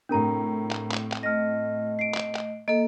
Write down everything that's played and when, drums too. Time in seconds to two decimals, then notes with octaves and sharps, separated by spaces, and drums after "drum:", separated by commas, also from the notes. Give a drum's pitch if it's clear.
0.09 A2 C3 D4 A#4 A#5
0.71 drum: clap
0.91 drum: clap
1.12 drum: clap
1.23 A3 D#5 F6 A#6
1.99 C7 D7
2.14 drum: clap
2.35 drum: clap
2.68 A#3 A4 D#5